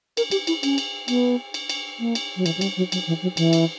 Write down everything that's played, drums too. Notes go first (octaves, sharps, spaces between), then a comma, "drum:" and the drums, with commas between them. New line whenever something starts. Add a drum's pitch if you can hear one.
A#4, drum: cymbal
G4, drum: cymbal
E4, drum: cymbal
C#4, drum: cymbal
drum: cymbal
B3, drum: cymbal
drum: cymbal
drum: cymbal
A#3
drum: cymbal
F#3
E3, drum: cymbal
F#3
G3, drum: cymbal
F#3
F#3, drum: cymbal
E3
F#3
E3, drum: cymbal
drum: cymbal